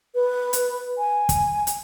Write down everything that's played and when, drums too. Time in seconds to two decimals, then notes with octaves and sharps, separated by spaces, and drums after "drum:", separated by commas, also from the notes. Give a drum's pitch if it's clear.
0.15 B4
0.53 drum: hi-hat
0.98 G#5
1.29 drum: kick, hi-hat
1.67 drum: hi-hat